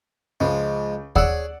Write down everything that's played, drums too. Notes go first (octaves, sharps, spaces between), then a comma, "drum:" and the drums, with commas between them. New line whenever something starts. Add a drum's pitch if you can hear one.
C#2 F3 G#3
G#4 C#5 D5 F#5 E6, drum: kick D#2